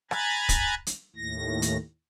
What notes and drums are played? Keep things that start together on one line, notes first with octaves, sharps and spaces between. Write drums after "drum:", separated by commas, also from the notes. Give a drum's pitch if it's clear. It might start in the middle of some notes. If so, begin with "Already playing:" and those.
G#5 A#5 B5 F#6 G#6 A6, drum: rim click
drum: kick, hi-hat
drum: hi-hat
D#2 A2 A#6
drum: hi-hat